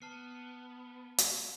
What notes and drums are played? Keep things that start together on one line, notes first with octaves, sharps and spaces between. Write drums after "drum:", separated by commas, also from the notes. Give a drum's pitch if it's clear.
B3 A5 F6 C7
drum: hi-hat